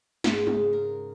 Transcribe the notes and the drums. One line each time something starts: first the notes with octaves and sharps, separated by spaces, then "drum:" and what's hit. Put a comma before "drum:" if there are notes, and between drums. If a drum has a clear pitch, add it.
G#2, drum: snare
C#3, drum: tom G#3
A#4